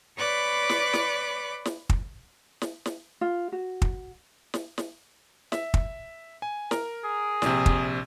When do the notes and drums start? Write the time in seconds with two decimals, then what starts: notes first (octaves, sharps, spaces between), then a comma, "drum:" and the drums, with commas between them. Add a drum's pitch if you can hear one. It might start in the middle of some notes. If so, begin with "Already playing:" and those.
0.17 B4 C#5 D5 B5 D6 F#6
0.69 drum: snare
0.93 drum: snare
1.65 drum: snare
1.89 drum: kick
2.62 drum: snare
2.86 drum: snare
3.21 F4
3.52 F#4
3.82 drum: kick
4.54 drum: snare
4.78 drum: snare
5.52 E5, drum: snare
5.74 drum: kick
6.42 G#5
6.71 A#4, drum: snare
7.04 G#4
7.42 A#1 C3, drum: snare
7.66 drum: kick